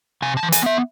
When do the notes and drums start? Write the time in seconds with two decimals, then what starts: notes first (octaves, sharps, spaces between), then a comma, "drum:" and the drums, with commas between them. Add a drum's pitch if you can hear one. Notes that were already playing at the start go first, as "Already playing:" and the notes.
0.22 C3 G#5
0.37 A5
0.43 E3
0.52 G#5, drum: hi-hat
0.62 B3 E5